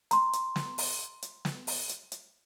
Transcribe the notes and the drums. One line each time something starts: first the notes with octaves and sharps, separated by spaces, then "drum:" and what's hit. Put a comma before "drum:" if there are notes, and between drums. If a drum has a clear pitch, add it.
A#5 C6, drum: hi-hat
drum: hi-hat
drum: snare
drum: open hi-hat
drum: hi-hat
drum: snare
drum: open hi-hat
drum: hi-hat
drum: hi-hat